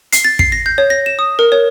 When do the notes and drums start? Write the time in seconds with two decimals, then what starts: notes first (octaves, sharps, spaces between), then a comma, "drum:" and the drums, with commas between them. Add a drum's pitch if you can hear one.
0.13 C7, drum: hi-hat
0.24 A6
0.39 C7, drum: kick
0.52 A#6
0.66 G6
0.78 C#5
0.90 A#6
1.06 E7
1.19 D#6
1.39 A#4
1.52 C#5